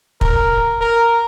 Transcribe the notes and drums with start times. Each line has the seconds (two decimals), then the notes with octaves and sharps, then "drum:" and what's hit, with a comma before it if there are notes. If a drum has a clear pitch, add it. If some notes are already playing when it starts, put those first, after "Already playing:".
0.21 A#4, drum: kick
0.81 A#4